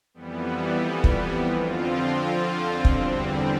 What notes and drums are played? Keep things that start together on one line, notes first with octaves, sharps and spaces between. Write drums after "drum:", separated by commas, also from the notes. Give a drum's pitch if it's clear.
F2 E3 G3 B3
drum: kick
F2 D3 F3 C4 F4
E2 D3 G3 C4, drum: kick